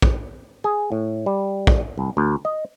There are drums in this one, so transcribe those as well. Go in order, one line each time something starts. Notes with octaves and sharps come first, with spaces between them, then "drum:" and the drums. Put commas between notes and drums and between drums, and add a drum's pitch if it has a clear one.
drum: kick A#1
G#4
A2
G3
drum: kick A#1
C2
D2
D#5